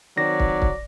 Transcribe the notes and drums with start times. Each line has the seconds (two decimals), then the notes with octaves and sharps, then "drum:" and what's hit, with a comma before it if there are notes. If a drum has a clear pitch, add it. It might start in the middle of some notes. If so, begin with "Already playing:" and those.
0.18 D#3 F#3 C4 D5 A#6
0.40 drum: kick
0.62 drum: kick